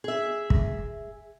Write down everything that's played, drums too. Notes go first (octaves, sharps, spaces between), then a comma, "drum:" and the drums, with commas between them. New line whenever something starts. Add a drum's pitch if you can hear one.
G#4 E5
drum: kick